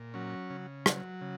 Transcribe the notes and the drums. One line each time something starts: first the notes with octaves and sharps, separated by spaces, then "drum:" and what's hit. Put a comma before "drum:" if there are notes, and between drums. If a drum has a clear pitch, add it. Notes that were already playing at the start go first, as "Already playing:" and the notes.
Already playing: A#2
F#3 C#4
C#3
F#3, drum: rim click
C#3